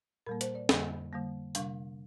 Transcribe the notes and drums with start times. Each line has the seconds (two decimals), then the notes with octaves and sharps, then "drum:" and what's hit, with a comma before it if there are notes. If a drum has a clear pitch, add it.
0.26 A#2 G3 A#3 A#4
0.41 C5, drum: hi-hat
0.55 D5
0.69 F2 D3 G3 A#3 D#5, drum: snare
1.13 D3 G3 A#3
1.55 C3 G3 D4 F5, drum: hi-hat